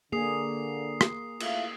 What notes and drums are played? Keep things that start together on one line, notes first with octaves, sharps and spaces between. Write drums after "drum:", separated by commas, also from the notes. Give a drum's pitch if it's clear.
D3 A#3 G#4 D#6 C7 F7
drum: rim click
A3 E4 F4, drum: cymbal